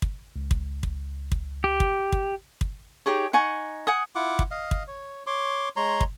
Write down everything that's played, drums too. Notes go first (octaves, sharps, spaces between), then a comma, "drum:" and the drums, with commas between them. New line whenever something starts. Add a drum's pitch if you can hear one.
drum: kick
C#2
drum: kick
drum: kick
drum: kick
G4
drum: kick
drum: kick
drum: kick
D#4 G4 G#4 C#5
D#4 F#5 G#5 C#6
F#5 G#5 D#6
E4 F4 F#5 D6
drum: kick
D#5 F5
drum: kick
C#5
C#5 C6 D6
G#3 C#5 A#5 C6
drum: kick